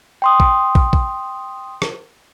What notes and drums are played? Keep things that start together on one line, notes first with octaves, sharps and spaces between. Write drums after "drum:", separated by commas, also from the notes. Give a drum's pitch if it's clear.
G5 C6 D#6
drum: kick
drum: kick
drum: kick
drum: rim click